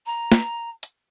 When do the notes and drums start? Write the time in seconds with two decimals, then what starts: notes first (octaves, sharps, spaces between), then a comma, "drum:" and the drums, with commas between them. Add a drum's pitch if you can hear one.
0.06 A#5
0.32 drum: snare
0.83 drum: hi-hat